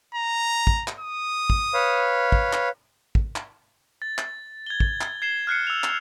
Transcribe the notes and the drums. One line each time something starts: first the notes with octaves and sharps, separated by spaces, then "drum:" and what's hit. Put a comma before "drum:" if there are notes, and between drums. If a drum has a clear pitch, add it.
A#5
drum: kick
drum: clap
D#6
drum: kick
B4 C#5 F5
drum: kick
drum: clap
drum: kick
drum: clap
A6
drum: clap
G#6 G7
drum: kick
drum: clap
G#6 C7 E7 G7
F6 F#6 C7 C#7
E6 F7
drum: clap